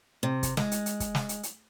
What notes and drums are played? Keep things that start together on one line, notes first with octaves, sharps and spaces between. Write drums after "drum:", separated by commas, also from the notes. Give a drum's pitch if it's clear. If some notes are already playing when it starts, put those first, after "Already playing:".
C3
drum: kick, hi-hat
G#3, drum: snare
drum: hi-hat
drum: hi-hat
drum: kick, hi-hat
drum: snare
drum: hi-hat
drum: hi-hat